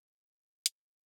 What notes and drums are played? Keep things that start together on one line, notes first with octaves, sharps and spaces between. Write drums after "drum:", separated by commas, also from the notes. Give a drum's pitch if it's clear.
A4 B4
A2 A5, drum: hi-hat